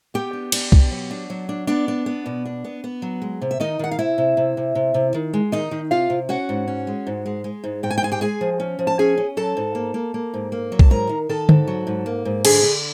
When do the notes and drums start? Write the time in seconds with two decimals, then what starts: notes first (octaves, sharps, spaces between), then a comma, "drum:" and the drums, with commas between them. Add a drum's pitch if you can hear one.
0.14 B3 G4 G5
0.33 D4
0.52 D4, drum: cymbal
0.72 B2, drum: kick
0.91 F#3
1.11 D4
1.30 F#3
1.49 D4
1.67 B3 D4 D5
1.88 D4
2.06 B3
2.26 B2
2.45 D4
2.64 B3
2.84 B3
3.02 F#3
3.22 G#3
3.41 C3
3.51 E5
3.60 D#3 D#4 D#5
3.79 D#3 F#5
3.91 F5
3.99 C3 E4 E5
4.18 C3
4.37 C3
4.57 C3
4.75 C3
4.94 C3
5.14 D#3
5.33 G#3
5.52 D#3 D#4 D#5
5.71 D#3
5.91 C3 F4 F5
6.10 C3
6.29 C#4 F#4 F#5
6.49 G#2
6.68 C#4
6.87 G#3
7.07 G#2
7.26 G#3
7.44 G#3
7.64 G#2
7.83 G#2 G5
7.91 G#5
7.98 G5
8.03 G#3 G#5
8.12 G4 G5
8.21 G#3 G#4 G#5
8.41 F3
8.60 C#4
8.79 F3
8.87 A5
8.99 C#4 G#4 G#5
9.18 C#4
9.37 F#3 A4 A5
9.57 G#2
9.75 A#3
9.94 A#3
10.14 A#3
10.34 G#2
10.52 A#3
10.72 F#3
10.79 A5, drum: kick
10.90 G#2 A#4 A#5
11.09 D#3
11.29 D#3 A4 A5
11.49 G#2, drum: tom D3
11.68 F#3
11.87 G#2
12.06 A#3
12.25 G#2
12.45 D3 G#4 G#5, drum: cymbal
12.63 D3